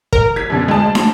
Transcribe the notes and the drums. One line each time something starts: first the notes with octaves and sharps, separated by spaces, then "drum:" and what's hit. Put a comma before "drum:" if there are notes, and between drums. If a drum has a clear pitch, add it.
A#4, drum: kick
G#6 B6
F#2 B2 D3
D2 G#3 A5
drum: snare